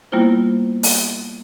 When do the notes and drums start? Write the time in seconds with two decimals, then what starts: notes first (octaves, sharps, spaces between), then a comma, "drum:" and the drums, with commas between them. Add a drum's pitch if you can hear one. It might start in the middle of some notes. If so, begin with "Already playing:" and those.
0.12 G3 A#3 B3 E4 F4 C5
0.83 drum: open hi-hat